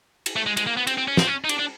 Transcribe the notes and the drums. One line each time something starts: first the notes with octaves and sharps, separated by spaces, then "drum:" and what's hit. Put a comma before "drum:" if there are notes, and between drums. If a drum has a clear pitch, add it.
drum: cymbal
A3
G#3
G#3, drum: cymbal
A#3
B3
C4, drum: cymbal
C4
C#4
C4, drum: snare
C#4
D#4
D4, drum: cymbal
D4